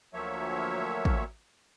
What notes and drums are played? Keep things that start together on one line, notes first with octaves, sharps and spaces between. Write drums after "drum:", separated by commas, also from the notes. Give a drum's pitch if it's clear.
D2 F3 F#3 A#3 C#5 E5
drum: kick